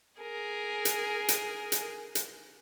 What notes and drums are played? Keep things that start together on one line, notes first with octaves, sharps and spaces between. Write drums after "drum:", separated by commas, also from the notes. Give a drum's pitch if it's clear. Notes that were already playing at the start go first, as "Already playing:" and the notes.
G#4 A#4
drum: hi-hat
drum: hi-hat
drum: hi-hat
drum: hi-hat